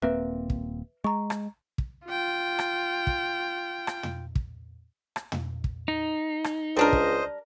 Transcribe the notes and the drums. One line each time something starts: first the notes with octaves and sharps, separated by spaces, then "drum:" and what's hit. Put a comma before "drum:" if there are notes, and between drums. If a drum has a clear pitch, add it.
D#1 A#3 C4 B4 E5
drum: kick
G#3 A#5 C#6
drum: rim click
drum: kick
F4 G5
drum: rim click
drum: kick
drum: rim click
drum: tom
drum: kick
drum: rim click
drum: tom
drum: kick
D#4
drum: rim click
C#2 G3 D4 A#4 C5 D#5
drum: kick